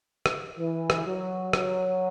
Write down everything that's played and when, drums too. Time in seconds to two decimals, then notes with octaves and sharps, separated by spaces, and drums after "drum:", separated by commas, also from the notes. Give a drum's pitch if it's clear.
0.26 drum: rim click
0.58 E3
0.90 drum: rim click
1.06 F#3
1.53 F#3, drum: rim click